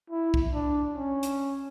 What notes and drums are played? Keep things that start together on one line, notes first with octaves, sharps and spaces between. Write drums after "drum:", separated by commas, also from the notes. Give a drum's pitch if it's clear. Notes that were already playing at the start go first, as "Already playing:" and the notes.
E4
drum: kick
D4
C#4
drum: hi-hat